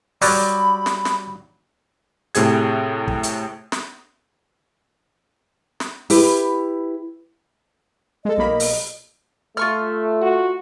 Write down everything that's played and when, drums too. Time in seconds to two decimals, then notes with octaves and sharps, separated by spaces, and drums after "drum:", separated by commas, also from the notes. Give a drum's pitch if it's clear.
0.22 F#3 G3 D5 B5, drum: open hi-hat
0.86 drum: snare
1.05 drum: snare
2.35 A2 C3 G#4 G#6, drum: hi-hat
3.08 drum: kick
3.23 drum: hi-hat
3.72 drum: snare
5.80 drum: snare
6.10 E4 G4 B4, drum: open hi-hat
8.25 G#3 A4 D#5
8.37 B1 A#3 B5
8.60 drum: open hi-hat
9.57 A3 F4 C#6 F6
10.22 F#4